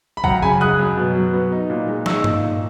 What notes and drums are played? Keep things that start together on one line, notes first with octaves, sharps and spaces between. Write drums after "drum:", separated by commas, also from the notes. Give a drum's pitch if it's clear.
B5
F#2 F#5 A#5, drum: kick
C#3 G#5 B5
G#3 D#6 F#6
F#2
B2
F#3
B3
D#4
A#2
G#3
D#4 C#6 E6, drum: snare
A#2, drum: tom G2
A#2